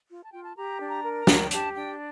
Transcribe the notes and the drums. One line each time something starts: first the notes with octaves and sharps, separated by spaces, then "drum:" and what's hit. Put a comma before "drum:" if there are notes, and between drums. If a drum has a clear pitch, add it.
F4
A5
F4 G5
A5
G4 A#5
D4
A#5
A#4
A#5
D4, drum: snare
G5
G4 A5, drum: hi-hat
D4 G5